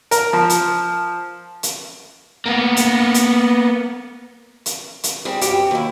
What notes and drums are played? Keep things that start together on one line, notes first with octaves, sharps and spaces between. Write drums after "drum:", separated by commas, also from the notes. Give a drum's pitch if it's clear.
A#4, drum: hi-hat
F3
drum: hi-hat
drum: hi-hat
A#3 B3
drum: hi-hat
drum: hi-hat
drum: hi-hat
drum: hi-hat
G3 C4 G#4
F#2 F#4 G4, drum: hi-hat
D#2 E4